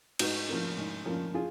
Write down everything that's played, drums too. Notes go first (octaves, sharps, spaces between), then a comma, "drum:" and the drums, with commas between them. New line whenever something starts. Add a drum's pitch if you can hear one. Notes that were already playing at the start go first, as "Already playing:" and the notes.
G#2 D#4 F#4, drum: cymbal
F3 A#3 C#4
G#2
F3 A#3 C#4
F4 G#4